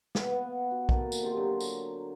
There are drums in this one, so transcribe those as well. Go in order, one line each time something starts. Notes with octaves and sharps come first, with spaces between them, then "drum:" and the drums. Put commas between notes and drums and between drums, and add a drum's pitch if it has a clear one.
B3, drum: snare
B3 F5 F#5
F#4
D#3 A#3 A4, drum: kick B1
drum: tambourine
C3 F4 G4 C6
D3 F#3 A#5 C6
drum: tambourine